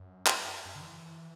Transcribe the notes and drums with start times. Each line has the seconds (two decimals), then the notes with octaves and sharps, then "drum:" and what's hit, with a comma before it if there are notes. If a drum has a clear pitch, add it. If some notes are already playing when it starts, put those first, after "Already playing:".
Already playing: F#2
0.27 drum: clap
0.65 F#2
0.75 D3
0.81 E3